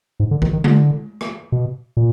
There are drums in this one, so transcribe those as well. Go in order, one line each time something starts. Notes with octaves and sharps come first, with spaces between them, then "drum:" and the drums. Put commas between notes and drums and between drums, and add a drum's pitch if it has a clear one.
G#2
D3
D#3, drum: kick A#1
D#3
D3, drum: tom G#3
drum: rim click
B2
A#2